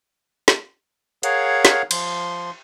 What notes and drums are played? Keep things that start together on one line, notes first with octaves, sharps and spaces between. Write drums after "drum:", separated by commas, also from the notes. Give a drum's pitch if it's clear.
drum: snare
G#4 A#4 C#5 F5 F#5, drum: hi-hat
drum: snare
F3 C6, drum: cymbal